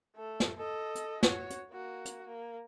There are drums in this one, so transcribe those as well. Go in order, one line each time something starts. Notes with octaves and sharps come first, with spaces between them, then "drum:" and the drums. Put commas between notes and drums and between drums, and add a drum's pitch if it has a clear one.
A3 A4
drum: snare
A4 D#5
drum: hi-hat
F#4 C#5, drum: snare
drum: hi-hat
A#3 F#4
drum: hi-hat
A#3